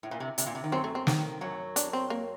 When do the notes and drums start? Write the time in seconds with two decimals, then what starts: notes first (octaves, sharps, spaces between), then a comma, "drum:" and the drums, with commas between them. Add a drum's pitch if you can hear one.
0.03 A2
0.11 A#2
0.20 C3
0.38 C3, drum: hi-hat
0.46 A#2
0.55 C3
0.64 D#3
0.72 F#2 F#3 C4
0.84 A3
0.95 C4
1.07 D#3, drum: snare
1.41 F#2 F#3
1.76 D4, drum: hi-hat
1.93 C4
2.10 A#3